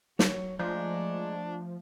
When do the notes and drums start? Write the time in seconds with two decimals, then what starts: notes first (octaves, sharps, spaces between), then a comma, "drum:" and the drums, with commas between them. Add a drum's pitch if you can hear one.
0.19 F#3 C#5, drum: snare
0.59 F3 G#3 A3 D4 A#5 G6